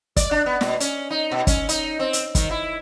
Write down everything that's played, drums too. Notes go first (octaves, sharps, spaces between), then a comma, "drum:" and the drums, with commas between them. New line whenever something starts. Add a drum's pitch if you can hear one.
D5, drum: kick, hi-hat
D4
B3
B2, drum: snare
C#4, drum: hi-hat
D#4
B2
C#4, drum: kick, hi-hat
D#4, drum: hi-hat
C4
drum: hi-hat
D#3, drum: kick, hi-hat
E4